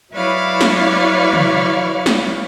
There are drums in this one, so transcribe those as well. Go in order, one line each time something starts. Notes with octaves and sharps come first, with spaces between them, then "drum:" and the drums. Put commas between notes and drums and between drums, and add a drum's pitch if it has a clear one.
F#3 E4 B4 C#5 D5 F5
drum: snare
drum: tom
drum: snare